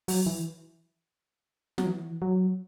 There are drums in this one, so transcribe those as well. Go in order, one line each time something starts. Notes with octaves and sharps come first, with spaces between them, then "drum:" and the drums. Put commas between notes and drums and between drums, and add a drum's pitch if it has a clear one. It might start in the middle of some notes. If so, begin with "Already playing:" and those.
F#3, drum: open hi-hat
E3
F#3, drum: snare
E3
F#3